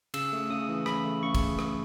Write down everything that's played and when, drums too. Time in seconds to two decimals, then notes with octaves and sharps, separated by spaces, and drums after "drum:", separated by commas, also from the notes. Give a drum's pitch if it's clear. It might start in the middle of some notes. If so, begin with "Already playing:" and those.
0.14 C#3 E6, drum: cymbal
0.32 A3
0.50 C#3 D#6
0.69 E3
0.86 C#3 B5, drum: rim click
1.05 A3
1.23 C#3 C#6
1.35 drum: kick, cymbal
1.59 drum: rim click